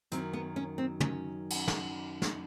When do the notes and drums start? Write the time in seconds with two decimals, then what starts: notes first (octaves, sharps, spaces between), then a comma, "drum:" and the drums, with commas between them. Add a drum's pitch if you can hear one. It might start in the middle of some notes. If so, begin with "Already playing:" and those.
0.12 F#2 D#3 F#3 C4, drum: hi-hat
0.33 B3
0.56 C#4
0.78 C4
1.00 C#4, drum: tom
1.50 drum: cymbal
1.68 drum: snare
2.22 drum: snare